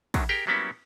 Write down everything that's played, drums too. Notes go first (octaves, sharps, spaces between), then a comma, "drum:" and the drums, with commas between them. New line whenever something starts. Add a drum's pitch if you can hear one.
F#2 D3 D#3 F#3, drum: kick, cymbal
G4 G#4 A#4 G5
F#3 G3 A#3 B3 C#4 E4